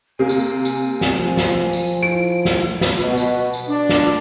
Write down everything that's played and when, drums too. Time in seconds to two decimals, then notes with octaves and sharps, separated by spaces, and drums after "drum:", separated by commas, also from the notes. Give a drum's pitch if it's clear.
0.19 C3 A#3 G#5
0.29 drum: tambourine
0.65 drum: tambourine
1.01 drum: snare
1.13 F3
1.37 drum: snare
1.73 drum: tambourine
2.03 E4 D7
2.45 drum: snare
2.81 drum: snare
2.99 B2
3.17 drum: tambourine
3.53 drum: tambourine
3.68 D4
3.89 drum: snare